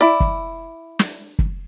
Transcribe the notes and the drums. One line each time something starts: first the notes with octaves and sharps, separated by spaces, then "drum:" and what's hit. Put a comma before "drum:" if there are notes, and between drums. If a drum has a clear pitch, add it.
E4 D5
drum: kick
drum: snare
drum: kick